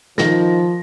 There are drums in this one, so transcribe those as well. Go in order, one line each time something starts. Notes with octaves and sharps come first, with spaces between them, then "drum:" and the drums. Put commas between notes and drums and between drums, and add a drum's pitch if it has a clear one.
D#3 F3 A#6, drum: snare